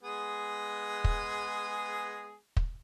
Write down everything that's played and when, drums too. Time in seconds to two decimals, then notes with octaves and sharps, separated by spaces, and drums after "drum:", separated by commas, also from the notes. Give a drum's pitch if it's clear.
0.03 G#3 B3 G#4
1.04 drum: kick
2.57 drum: kick